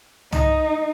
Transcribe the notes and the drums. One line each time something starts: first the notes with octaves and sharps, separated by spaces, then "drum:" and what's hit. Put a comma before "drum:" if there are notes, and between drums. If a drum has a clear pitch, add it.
D#4, drum: tom